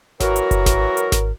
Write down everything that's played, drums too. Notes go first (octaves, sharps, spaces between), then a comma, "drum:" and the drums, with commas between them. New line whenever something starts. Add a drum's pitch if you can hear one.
E3 F#3 F#4 A#4, drum: snare G#1
drum: hi-hat
drum: kick F#1, hi-hat
drum: snare G#1
drum: hi-hat
drum: snare G#1